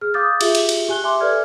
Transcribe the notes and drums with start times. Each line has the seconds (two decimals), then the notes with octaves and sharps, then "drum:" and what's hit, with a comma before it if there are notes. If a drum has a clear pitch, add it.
0.01 G#4 F6
0.14 F5 D6 D#6 G6 A6
0.41 F4 G4 G#4 E5, drum: cymbal
0.55 drum: cymbal
0.69 drum: cymbal
0.89 G4 G#5 F#6 G7
1.04 E5 G#5 C6 D6
1.20 A4 B4 D5 E5 F6 G#6